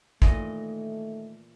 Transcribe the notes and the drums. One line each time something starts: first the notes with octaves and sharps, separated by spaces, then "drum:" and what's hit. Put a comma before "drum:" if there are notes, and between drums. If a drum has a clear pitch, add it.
A#2 D#3 E3 A3 D#5, drum: kick